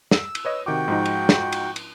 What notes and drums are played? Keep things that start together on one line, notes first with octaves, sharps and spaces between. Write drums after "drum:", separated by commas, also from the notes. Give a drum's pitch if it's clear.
E6, drum: snare
drum: cymbal
B4 C#5 D#5
C3 D#3 F#4 G5 D6
G#2 F3 D#4
drum: cymbal
drum: snare
drum: cymbal
drum: cymbal